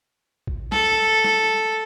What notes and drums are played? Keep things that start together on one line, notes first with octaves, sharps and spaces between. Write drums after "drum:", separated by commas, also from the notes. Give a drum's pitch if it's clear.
drum: kick A1
A4, drum: snare
drum: snare